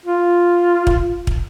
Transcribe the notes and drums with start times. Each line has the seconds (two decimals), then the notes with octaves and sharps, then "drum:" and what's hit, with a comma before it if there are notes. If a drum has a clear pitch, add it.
0.06 F4
0.87 drum: kick
1.27 drum: kick